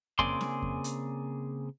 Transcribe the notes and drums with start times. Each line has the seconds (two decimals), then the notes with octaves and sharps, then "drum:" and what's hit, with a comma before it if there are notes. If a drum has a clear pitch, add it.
0.19 C#3 A#3 C4 G#4 D5 C6, drum: kick F2
0.41 drum: snare C#4
0.62 drum: kick F2
0.84 drum: hi-hat